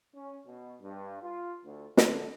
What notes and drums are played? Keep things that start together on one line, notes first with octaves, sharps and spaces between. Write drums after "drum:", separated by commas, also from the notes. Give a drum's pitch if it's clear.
C#4
B2
G2
F4
D2
D3, drum: snare